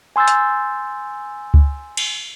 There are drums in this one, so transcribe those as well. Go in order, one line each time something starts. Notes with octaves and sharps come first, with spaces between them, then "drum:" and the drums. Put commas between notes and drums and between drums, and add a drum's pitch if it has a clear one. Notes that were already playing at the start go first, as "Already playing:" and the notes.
G#5 C6 E6 G6 A6
drum: hi-hat
drum: kick C#2
drum: cymbal